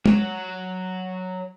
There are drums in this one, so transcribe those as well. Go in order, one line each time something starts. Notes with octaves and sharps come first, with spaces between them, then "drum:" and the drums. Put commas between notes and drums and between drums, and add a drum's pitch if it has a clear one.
F#3 F#4, drum: tom